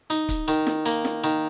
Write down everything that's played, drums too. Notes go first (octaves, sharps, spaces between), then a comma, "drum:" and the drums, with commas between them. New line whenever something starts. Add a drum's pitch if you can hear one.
D#4, drum: hi-hat
drum: kick C#1, hi-hat
D#3, drum: hi-hat
drum: snare
A#3, drum: hi-hat
drum: snare
D#3, drum: hi-hat